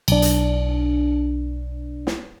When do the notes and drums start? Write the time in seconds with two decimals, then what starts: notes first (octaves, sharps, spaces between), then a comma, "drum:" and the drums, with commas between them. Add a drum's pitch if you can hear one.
0.08 B1 D4, drum: cymbal
0.22 drum: hi-hat
2.07 drum: snare